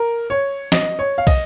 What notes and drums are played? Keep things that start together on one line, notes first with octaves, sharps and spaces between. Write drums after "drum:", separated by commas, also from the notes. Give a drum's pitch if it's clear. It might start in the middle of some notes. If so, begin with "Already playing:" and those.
Already playing: A#4
C#5
D#5, drum: snare
C#5
F5
D#5, drum: kick, cymbal